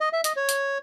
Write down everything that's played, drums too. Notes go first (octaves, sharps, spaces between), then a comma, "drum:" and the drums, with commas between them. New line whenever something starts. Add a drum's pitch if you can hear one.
D#5
E5
D#5, drum: hi-hat
C#5
drum: hi-hat